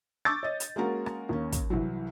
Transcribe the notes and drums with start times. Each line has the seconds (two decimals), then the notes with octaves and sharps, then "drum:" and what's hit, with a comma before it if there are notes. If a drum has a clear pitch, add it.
0.25 C#6 D6 E6 G6 A6
0.43 C#5 D#5
0.60 drum: hi-hat
0.76 G#3 A#3 C#4 F#4 A#4
1.06 drum: rim click
1.29 D#2 A#3 C#4
1.52 drum: kick, hi-hat
1.70 C2 E3 F#3